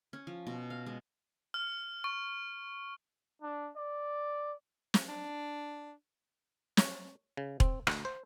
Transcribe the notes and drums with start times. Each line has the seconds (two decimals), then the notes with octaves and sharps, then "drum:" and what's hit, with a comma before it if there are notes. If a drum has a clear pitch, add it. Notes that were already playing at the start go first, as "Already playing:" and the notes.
0.13 C#4
0.27 F3
0.47 B2
0.70 F5
0.86 G#3
1.54 F6
2.04 C#6
3.42 D4
3.77 D5
4.94 drum: snare
5.09 D4
6.77 C#5, drum: snare
7.37 C#3
7.60 C4, drum: kick E1
7.87 D2, drum: rim click
8.05 C5